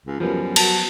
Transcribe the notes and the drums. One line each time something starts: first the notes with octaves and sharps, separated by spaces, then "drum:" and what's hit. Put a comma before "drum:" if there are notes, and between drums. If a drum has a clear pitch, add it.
C#2
F#2 F3 G3 B3
F#3 A5, drum: cymbal